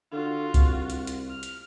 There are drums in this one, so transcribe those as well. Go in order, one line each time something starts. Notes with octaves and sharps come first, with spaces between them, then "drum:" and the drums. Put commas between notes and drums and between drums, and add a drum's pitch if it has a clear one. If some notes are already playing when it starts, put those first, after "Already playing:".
D3 F4 F#4
C2, drum: kick C#2, hi-hat
drum: hi-hat
drum: hi-hat
F6
drum: hi-hat